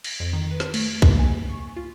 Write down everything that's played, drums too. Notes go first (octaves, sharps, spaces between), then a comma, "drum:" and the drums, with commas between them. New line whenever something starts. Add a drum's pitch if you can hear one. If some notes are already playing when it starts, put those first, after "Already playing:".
A#6, drum: cymbal
F2
D#3
B4
drum: snare
A3, drum: cymbal
A#3, drum: kick B1
G#5
C#6
F4